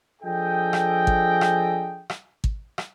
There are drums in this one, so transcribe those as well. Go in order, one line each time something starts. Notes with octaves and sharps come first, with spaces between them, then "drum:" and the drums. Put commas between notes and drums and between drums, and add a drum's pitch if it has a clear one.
F3 D4 G#4 A4 D#5 G5
drum: rim click
drum: kick
drum: rim click
drum: rim click
drum: kick
drum: rim click